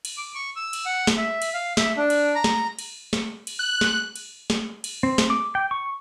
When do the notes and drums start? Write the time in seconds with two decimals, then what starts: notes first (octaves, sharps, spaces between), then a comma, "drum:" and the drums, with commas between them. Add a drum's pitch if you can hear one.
0.05 drum: cymbal
0.17 D6
0.35 C#6
0.56 E6
0.73 drum: cymbal
0.86 F#5
1.07 drum: snare
1.17 E5
1.42 drum: cymbal
1.54 F5
1.77 E5, drum: snare
1.97 D4
2.10 drum: cymbal
2.35 A#5
2.44 drum: snare
2.79 drum: cymbal
3.13 drum: snare
3.47 drum: cymbal
3.59 F#6
3.81 drum: snare
4.16 drum: cymbal
4.50 drum: snare
4.84 drum: cymbal
5.03 C4
5.18 drum: snare
5.30 D6
5.55 G5
5.71 C#6